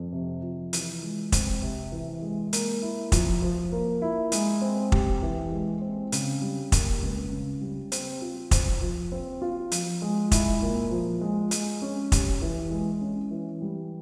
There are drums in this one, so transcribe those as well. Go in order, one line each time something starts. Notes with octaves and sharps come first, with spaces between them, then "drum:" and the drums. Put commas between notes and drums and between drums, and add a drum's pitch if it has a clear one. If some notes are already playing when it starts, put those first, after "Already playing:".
Already playing: F2
C3
F3
E3, drum: hi-hat
G#3
C4, drum: kick, hi-hat
C3
E3
G#3
A#3, drum: hi-hat
E4
F3, drum: kick, hi-hat
F3
A#3
E4
G#3, drum: hi-hat
C4
G4, drum: kick
E3
G#3
C4
C#3, drum: hi-hat
G3
A#3, drum: kick, hi-hat
C#2
C#3
G3
C4, drum: hi-hat
F4
C5, drum: kick, hi-hat
F3
C4
F4
F3, drum: hi-hat
G#3
E4, drum: kick, hi-hat
A#2
F3
G#3
G#3, drum: hi-hat
C#4
G4, drum: kick, hi-hat
E3
G#3
C#4
E3
G3